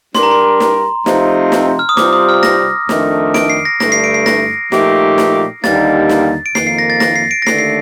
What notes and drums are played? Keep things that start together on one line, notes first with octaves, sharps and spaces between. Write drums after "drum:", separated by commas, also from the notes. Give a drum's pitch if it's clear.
G3 D4 G4 A#4 C6, drum: snare
A#5
C6
drum: snare
C3 F3 A3 C4 D#4, drum: snare
drum: snare
F6
D#6
C3 G3 C4 F4 D6, drum: snare
D#6
F6
A#6, drum: snare
F2 D#3 A3 D4, drum: snare
D7, drum: snare
C7
A#6
G2 D3 A3 A#6, drum: snare
C7
D7
C7
A#6, drum: snare
A#2 F3 A3 D#4 G4, drum: snare
drum: snare
D#2 D3 G3 A#3 D#4 A6, drum: snare
drum: snare
D7
F2 D#3 A#3 C7, drum: snare
C7
A#6
A6
A#6, drum: snare
C7
D7
A#6
D#2 D3 A3 C7, drum: snare
C7